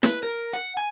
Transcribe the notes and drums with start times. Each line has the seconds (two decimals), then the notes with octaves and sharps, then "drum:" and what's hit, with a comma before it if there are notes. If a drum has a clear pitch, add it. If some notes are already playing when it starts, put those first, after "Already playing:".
0.03 B4, drum: snare
0.23 A#4
0.53 F#5
0.77 G#5